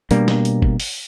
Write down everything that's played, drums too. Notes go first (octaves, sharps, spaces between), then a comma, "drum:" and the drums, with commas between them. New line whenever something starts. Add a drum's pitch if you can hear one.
B2 G3 A#3 D4, drum: hi-hat
drum: snare
drum: hi-hat
drum: kick G1
drum: open hi-hat